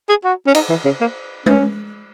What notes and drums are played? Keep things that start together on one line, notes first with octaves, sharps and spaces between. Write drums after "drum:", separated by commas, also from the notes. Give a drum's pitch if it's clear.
G#4
F#4
C#4
D#4, drum: cymbal
E3
C#3
A#3
C#4, drum: tom G#3